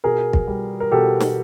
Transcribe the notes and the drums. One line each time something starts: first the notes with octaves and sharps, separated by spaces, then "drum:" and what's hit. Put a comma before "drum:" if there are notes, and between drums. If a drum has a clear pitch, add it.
B2 G#4 A#4
drum: kick
G3
A#4
B2 G4 A4
drum: snare